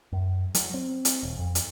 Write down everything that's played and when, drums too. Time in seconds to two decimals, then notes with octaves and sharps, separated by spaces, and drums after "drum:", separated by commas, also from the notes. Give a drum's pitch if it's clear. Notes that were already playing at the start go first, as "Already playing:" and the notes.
0.12 F#2
0.54 F#3, drum: hi-hat
0.74 C4
1.05 drum: hi-hat
1.23 D#1
1.38 F2
1.55 drum: hi-hat